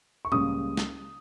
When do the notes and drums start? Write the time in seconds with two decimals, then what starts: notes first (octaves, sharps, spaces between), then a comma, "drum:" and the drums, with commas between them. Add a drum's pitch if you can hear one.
0.25 C#6
0.32 C#2 C#3 G3 A#3 D#6, drum: tom A2
0.77 drum: snare